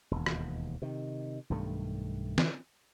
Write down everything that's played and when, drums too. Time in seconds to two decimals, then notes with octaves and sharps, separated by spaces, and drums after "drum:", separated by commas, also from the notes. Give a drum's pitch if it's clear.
0.11 E1 D#2
0.26 drum: rim click
0.82 C3 D#3
1.50 B1 G2 D#3 A3
2.38 drum: snare